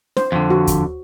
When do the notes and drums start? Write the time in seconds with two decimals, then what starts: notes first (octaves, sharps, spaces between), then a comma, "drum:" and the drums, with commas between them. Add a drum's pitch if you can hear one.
0.17 C5, drum: snare
0.32 F2 D3
0.50 F#4
0.67 drum: kick D#2, hi-hat